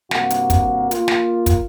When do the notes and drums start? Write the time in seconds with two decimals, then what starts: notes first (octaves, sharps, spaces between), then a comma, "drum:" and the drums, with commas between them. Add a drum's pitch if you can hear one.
0.11 G2 C3 A#3 F#4, drum: snare
0.30 drum: hi-hat
0.50 drum: kick, hi-hat
0.91 A#3 F4, drum: hi-hat
1.08 drum: snare
1.46 drum: kick, hi-hat